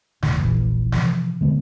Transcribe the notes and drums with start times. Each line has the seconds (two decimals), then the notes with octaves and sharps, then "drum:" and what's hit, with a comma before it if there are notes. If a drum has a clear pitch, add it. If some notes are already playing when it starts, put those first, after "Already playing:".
0.22 E1 A2 D#3, drum: snare
0.37 F1 A#1 E3
0.92 C3 E3 F3, drum: snare
1.41 D3 G#3 B3